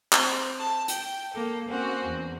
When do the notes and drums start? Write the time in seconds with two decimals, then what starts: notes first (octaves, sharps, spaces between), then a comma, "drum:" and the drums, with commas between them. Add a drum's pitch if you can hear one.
0.13 C4, drum: clap
0.58 A5
0.88 G5, drum: hi-hat
1.32 A#3 A4
1.66 A#3 C4 C#4 F#4
2.05 E2